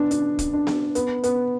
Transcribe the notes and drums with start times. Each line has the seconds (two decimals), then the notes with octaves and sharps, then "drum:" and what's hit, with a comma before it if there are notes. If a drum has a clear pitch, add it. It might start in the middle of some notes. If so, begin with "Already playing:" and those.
Already playing: B3 D4
0.11 D4, drum: hi-hat
0.39 drum: kick, hi-hat
0.53 D4
0.67 drum: snare B3
0.95 B3, drum: hi-hat
1.24 B3, drum: hi-hat